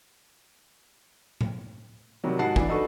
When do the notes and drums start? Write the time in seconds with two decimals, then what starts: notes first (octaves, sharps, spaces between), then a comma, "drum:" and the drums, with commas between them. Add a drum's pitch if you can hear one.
1.41 drum: tom A2
2.24 C3 D#3 F#3 G3
2.39 G#2 F#4 F#5 A5 C7
2.56 E3 D4, drum: kick
2.68 D4 D#4 F#4 A4 B4 C#6